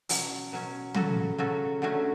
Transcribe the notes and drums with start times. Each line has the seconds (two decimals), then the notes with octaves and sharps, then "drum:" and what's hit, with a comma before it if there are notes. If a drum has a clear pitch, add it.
0.09 B2 F#3 C#4, drum: open hi-hat
0.52 B2 F#3 C#4
0.94 C#3 F#3 C#4 F#4 A4, drum: tom
1.38 C#3 F#3 C#4 F#4 A4
1.82 D3 F#3 A3 C#4 F#4